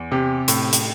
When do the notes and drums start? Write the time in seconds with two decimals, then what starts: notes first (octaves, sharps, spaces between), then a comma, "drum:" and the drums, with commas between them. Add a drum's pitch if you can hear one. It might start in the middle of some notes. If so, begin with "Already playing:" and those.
Already playing: E2
0.12 C3 G4
0.48 A2, drum: hi-hat
0.73 drum: hi-hat